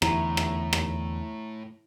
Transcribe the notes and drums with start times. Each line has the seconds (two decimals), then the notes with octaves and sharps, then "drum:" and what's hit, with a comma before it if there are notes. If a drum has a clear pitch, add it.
0.02 E2 A2 D3 E4 A#5, drum: rim click
0.37 drum: rim click
0.73 drum: rim click